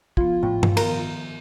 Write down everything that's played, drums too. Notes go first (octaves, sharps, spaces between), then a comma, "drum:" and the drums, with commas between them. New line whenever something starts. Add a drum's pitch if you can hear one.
F3 B3 F4, drum: kick
A2 G5
drum: tom G2
D#3 B3 A#4, drum: cymbal